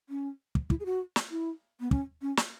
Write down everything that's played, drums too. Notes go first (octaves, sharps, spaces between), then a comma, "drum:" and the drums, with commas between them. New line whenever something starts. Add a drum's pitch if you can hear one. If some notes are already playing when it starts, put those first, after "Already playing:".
C#4
drum: kick
E4, drum: kick
G#4
F#4
drum: snare
E4
B3
C#4, drum: kick
C#4
drum: snare